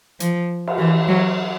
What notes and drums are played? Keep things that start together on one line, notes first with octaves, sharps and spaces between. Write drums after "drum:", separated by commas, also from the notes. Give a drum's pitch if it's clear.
F3, drum: hi-hat
drum: cymbal
E3
F#3